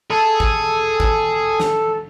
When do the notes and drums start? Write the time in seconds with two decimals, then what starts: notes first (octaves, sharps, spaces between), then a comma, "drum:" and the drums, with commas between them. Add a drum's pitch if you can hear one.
0.10 G#4 A4
0.40 drum: kick G#1
1.00 drum: kick G#1
1.60 drum: snare